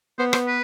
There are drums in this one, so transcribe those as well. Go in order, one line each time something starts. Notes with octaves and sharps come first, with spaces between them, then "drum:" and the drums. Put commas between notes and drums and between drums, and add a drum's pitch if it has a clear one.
B3 C5
C5, drum: rim click
B4